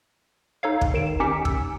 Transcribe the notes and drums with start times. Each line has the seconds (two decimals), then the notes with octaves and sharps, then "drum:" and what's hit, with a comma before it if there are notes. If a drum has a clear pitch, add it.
0.63 D#4 A4 C#5 F5
0.81 drum: kick
0.94 D#3 D7 E7
1.20 C#4 D#4 G4 D6 B6 C#7
1.45 E6, drum: kick